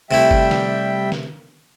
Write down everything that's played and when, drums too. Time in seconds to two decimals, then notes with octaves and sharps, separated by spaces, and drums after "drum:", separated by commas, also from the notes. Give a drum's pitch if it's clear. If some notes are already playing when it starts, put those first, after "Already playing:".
0.11 C3 G3 A3 E4 E5 G5
0.31 drum: kick G1
0.51 drum: snare
1.12 drum: snare